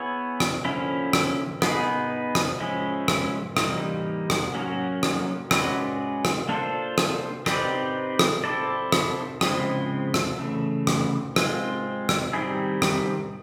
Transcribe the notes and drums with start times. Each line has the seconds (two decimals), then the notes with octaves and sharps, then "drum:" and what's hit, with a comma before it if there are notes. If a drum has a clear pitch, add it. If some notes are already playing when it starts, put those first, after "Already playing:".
Already playing: B3 E4 G#4 C#5
0.40 drum: rim click
0.65 D3 F3 A#3 C#4 E4
1.13 drum: rim click
1.62 B3 D#4 G#4 B4, drum: rim click
2.35 drum: rim click
2.60 F3 G#3 C#4 E4
3.08 drum: rim click
3.57 E3 G3 A#3 D#4, drum: rim click
4.30 drum: rim click
4.54 F#3 A#3 C#4 F#4 A#4
5.03 drum: rim click
5.51 G#3 C#4 F#4 B4 D5, drum: rim click
6.25 drum: rim click
6.49 A#3 D4 F4 A4 C5
6.98 drum: rim click
7.46 C4 D#4 G4 B4 D5, drum: rim click
8.19 drum: rim click
8.44 C4 E4 A4 D5
8.92 drum: rim click
9.41 C#3 F3 G#3 C4 E4, drum: rim click
10.14 drum: rim click
10.39 C#3 E3 A3
10.87 drum: rim click
11.36 G#3 C4 F4, drum: rim click
12.09 drum: rim click
12.33 D#3 G3 C4 E4 G#4
12.82 drum: rim click